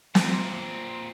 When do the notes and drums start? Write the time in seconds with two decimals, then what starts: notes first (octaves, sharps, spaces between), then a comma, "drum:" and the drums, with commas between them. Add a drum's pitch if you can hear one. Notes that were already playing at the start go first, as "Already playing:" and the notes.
0.15 A#2 C4, drum: snare